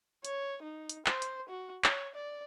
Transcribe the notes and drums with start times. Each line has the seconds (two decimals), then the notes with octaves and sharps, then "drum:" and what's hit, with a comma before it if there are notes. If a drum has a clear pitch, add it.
0.25 C#5, drum: hi-hat
0.63 D#4
0.89 drum: hi-hat
1.06 C5, drum: clap
1.22 drum: hi-hat
1.49 F#4
1.84 C#5, drum: clap
2.15 D5